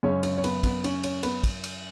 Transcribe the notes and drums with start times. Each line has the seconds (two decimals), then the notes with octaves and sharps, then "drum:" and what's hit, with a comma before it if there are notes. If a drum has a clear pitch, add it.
0.03 F#2 C#3 G#3 C#4 C#5
0.23 C#4 C#5, drum: cymbal
0.38 C#5
0.44 B3 B4, drum: cymbal
0.63 B3 B4, drum: kick, cymbal
0.84 C#4 C#5, drum: cymbal
1.03 C#4 C#5, drum: cymbal
1.23 B3 B4, drum: cymbal
1.44 drum: kick, cymbal
1.64 drum: cymbal